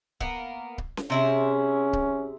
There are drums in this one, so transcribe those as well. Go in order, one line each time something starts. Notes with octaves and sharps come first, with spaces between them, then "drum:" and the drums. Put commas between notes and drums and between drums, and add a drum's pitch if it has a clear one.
A#3 B3, drum: kick C#1
drum: kick C#1
drum: snare C#4
C3 C#4 E4 G#4
drum: kick C#1